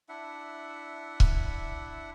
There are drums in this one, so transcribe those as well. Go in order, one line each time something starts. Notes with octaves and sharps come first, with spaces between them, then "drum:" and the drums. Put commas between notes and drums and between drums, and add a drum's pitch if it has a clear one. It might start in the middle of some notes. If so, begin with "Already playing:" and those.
D4 E4 E5 F#5
drum: kick C#1